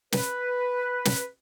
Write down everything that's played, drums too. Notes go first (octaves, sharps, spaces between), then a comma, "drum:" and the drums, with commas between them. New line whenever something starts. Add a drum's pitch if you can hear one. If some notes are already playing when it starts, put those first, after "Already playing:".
B4, drum: snare
drum: snare